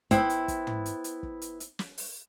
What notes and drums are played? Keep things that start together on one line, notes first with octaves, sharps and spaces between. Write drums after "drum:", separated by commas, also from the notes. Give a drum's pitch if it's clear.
B3 E4 C5 E5 G5, drum: kick, hi-hat
drum: hi-hat
drum: kick, hi-hat
drum: tom
drum: hi-hat
drum: hi-hat
drum: kick
drum: hi-hat
drum: hi-hat
drum: snare
drum: open hi-hat